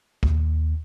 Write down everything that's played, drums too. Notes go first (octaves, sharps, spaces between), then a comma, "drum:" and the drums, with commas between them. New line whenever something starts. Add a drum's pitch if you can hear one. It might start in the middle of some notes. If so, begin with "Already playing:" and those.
D#2, drum: kick